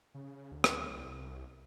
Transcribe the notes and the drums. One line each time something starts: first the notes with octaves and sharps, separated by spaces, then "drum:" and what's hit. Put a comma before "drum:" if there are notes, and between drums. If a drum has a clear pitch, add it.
C#3
D2
drum: rim click
C2